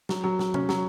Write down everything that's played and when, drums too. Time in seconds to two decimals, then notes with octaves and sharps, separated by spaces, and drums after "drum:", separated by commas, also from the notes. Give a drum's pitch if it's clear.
0.09 F#3, drum: snare
0.24 F#3
0.39 F#3, drum: snare
0.54 C#4, drum: tom C3
0.69 F#3, drum: snare